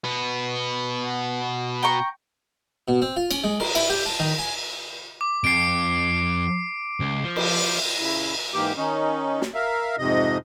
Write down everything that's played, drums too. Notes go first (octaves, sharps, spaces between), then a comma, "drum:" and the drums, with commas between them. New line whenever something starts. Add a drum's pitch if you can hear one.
B2 B3
G5 A#5 C#6
B2
C4
F4
C#4, drum: cymbal
G#3
A#4, drum: cymbal
E4, drum: cymbal
G4
A5
D#3
G#5
D6
F2 C7 D7
C#2
F3
drum: cymbal
C#3 E4
G#2 E3 A#3 G4 D6
D#3 C#4 D#4
drum: snare
A#4 E5 F5
F2 G#2 C3 D#5